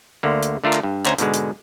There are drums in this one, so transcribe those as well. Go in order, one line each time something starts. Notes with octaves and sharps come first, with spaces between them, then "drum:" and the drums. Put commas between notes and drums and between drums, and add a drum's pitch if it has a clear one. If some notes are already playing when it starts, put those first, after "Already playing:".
D2 D3 A#3
drum: hi-hat
D3 A3 F4 A#4
drum: clap
G2
D2 C#4 C5 G#5 A#5, drum: clap
G#2 B2 D3 G#3, drum: hi-hat
drum: hi-hat